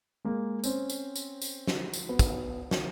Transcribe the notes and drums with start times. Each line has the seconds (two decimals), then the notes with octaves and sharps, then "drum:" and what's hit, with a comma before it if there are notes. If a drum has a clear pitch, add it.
0.25 G#3 A#3
0.64 C4 C#4, drum: tambourine
0.90 drum: tambourine
1.16 drum: tambourine
1.41 drum: tambourine
1.67 drum: snare
1.93 drum: tambourine
2.09 B3 F#4
2.19 drum: kick, tambourine
2.71 drum: snare